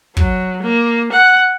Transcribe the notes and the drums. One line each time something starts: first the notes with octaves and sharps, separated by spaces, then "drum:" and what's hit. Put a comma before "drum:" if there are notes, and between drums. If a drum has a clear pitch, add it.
F#3, drum: kick
A#3
F#5